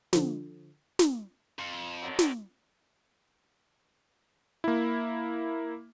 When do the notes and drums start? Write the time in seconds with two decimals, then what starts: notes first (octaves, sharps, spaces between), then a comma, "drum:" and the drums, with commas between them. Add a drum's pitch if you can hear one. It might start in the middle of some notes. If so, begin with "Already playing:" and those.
0.13 D3 F3, drum: snare
0.99 drum: snare
1.59 F2
2.02 D3 D#3 F#3
2.19 drum: snare
4.64 A#3 E4